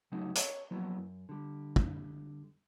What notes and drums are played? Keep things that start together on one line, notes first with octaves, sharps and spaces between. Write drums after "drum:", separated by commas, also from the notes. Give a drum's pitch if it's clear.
C#3 F#3 G3 A3 C4 D#4
C#5, drum: hi-hat
F3 F#3 A#3 B3 E4
F#2
D3 G3
drum: kick